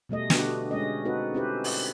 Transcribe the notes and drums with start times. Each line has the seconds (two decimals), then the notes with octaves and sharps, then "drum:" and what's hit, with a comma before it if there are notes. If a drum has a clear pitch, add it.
0.09 B2 G3 A3 D#5
0.30 D3 G3 D4 F#4 G4 B4, drum: snare
0.71 G#3 C#4 D#5
1.05 C4 D#4 F#4 A4 B4
1.34 C4 C#4 E4 G4 B4 C5
1.64 drum: open hi-hat